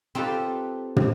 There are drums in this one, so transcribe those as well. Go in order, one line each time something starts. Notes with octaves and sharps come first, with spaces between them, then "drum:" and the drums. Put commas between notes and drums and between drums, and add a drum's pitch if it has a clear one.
C4 D#4 F4 G4 A4 B4
drum: tom